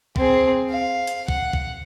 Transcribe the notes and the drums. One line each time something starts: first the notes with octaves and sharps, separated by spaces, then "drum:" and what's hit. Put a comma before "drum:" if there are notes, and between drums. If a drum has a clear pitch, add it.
C4 G#4, drum: kick
F5
drum: hi-hat
F#5, drum: kick
drum: kick